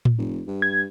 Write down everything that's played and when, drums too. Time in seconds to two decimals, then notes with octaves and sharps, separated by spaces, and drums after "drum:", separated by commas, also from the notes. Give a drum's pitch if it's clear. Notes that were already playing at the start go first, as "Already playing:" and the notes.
0.05 drum: tom A2
0.18 F1
0.48 G2
0.62 G#6